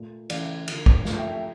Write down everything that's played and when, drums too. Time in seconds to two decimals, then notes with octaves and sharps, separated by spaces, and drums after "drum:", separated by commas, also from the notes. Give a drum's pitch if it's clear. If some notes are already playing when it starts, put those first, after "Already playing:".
Already playing: A#2 A3
0.30 C#3 E3 A3 D5 F5, drum: cymbal
0.68 D3 F3 A#3, drum: cymbal
0.86 drum: kick
1.05 A#2 F3 A3, drum: snare
1.18 E5 G5
1.30 E5 G5